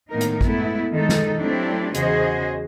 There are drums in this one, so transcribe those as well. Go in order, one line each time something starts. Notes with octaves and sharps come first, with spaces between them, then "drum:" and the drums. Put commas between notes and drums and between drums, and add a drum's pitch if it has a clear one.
A2 D#3 A#3 B3 D#4 A#4
drum: hi-hat
G#3 A3 B3 E4, drum: kick
D#3 G#3 D#4 A4
drum: snare
F#3 A3 C4 D4 E4 G4
E2 C#3 F#4 G#4 C5 D#5, drum: hi-hat